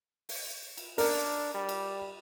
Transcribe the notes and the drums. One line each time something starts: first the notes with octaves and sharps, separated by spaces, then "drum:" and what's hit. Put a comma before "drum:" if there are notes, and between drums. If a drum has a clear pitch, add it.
drum: open hi-hat
drum: cymbal
D4 A#4, drum: open hi-hat
G3
drum: cymbal